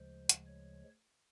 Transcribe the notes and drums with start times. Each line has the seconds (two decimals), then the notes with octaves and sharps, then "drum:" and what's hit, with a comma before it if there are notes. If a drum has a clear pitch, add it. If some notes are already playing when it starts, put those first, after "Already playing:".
Already playing: D2 C#3 F3 G#3 C5
0.29 drum: hi-hat
0.47 C#5